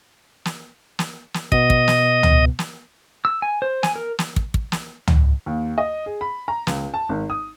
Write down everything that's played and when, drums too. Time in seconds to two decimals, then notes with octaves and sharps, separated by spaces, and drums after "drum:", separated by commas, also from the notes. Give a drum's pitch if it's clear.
0.45 drum: snare
0.99 drum: snare
1.34 drum: snare
1.52 B2 B3 D#5, drum: kick
1.70 drum: kick
1.88 drum: snare
2.23 drum: tom
2.59 drum: snare
3.25 E6
3.42 G#5
3.62 C5
3.83 G#5, drum: snare
3.96 A#4
4.19 drum: snare
4.36 drum: kick
4.54 drum: kick
4.72 drum: snare
5.07 drum: tom
5.46 D#2
5.78 D#5
6.06 G#4
6.21 B5
6.48 A#5
6.67 C#2, drum: snare
6.94 A5
7.09 G#1
7.30 D#6